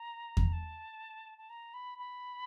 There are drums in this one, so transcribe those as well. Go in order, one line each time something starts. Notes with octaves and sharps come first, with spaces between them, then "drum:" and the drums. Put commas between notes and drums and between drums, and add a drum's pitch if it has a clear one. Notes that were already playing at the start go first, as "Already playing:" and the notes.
Already playing: A#5
drum: kick E2
A5
A5
A#5
B5
B5